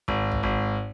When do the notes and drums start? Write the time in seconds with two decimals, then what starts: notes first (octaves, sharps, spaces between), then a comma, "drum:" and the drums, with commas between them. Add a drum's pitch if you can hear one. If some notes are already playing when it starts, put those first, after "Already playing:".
0.08 G#1, drum: kick
0.32 drum: tom
0.43 G#1